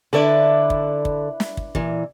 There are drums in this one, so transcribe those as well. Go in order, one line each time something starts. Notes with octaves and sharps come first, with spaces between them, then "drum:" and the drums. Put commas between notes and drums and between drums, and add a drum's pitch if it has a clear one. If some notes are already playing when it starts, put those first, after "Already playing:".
D3 D4 E4 A4 B4 D5
drum: kick
drum: kick
drum: snare
drum: kick
A#2 E3, drum: kick